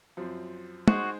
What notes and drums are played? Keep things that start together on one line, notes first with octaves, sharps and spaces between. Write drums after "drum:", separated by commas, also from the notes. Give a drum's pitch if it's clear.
F#2 F3 C4
G#3 D#4 F#4 G#4 C5, drum: tom